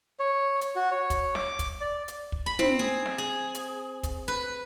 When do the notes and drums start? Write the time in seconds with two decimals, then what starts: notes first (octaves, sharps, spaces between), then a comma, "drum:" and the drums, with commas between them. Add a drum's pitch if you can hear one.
0.19 C#5
0.61 drum: hi-hat
0.76 F#4
0.91 C#5
1.10 drum: kick, hi-hat
1.35 D6, drum: snare
1.59 drum: kick, hi-hat
1.81 D5
2.08 drum: hi-hat
2.32 drum: kick
2.46 B5
2.59 C4, drum: tom
2.79 G#4
3.06 drum: snare
3.18 G#4
3.54 drum: hi-hat
4.03 drum: kick, hi-hat
4.28 B4